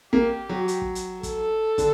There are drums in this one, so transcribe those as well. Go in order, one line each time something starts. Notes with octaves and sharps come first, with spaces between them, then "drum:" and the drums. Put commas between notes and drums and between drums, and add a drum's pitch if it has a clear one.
A#3 G4, drum: kick
F#3
drum: hi-hat
drum: kick
drum: hi-hat
A4, drum: kick, hi-hat
D3, drum: kick, hi-hat